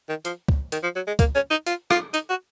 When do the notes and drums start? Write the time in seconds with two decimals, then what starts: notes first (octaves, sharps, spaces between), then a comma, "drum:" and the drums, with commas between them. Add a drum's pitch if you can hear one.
0.09 D#3
0.25 F3, drum: hi-hat
0.48 drum: kick C#2
0.72 D#3, drum: hi-hat
0.83 F3
0.96 F#3
1.07 G#3
1.19 A#3, drum: kick C#2, hi-hat
1.35 C#4
1.51 D#4
1.67 F4, drum: hi-hat
1.91 F4, drum: rim click
2.14 D#4, drum: hi-hat
2.29 F#4